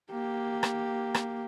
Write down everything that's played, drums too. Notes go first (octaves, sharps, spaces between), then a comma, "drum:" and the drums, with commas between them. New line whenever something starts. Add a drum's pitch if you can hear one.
A#3 G4
drum: rim click
drum: rim click